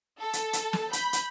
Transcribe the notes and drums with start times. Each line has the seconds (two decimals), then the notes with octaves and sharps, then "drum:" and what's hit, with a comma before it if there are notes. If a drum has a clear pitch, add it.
0.20 A4
0.33 drum: hi-hat
0.53 drum: hi-hat
0.73 drum: snare
0.93 B5 G6, drum: hi-hat
1.13 drum: hi-hat